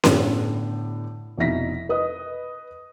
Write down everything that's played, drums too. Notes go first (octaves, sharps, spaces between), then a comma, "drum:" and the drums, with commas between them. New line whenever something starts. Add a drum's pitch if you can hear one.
A2 D3 B3 G4, drum: snare C#4
F1 B2 D#4 E4 A#6 B6
B4 D#5 D#6